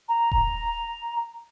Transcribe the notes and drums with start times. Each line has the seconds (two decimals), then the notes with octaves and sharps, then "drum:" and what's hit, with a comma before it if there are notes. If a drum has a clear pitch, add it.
0.08 A#5
0.32 drum: kick D#1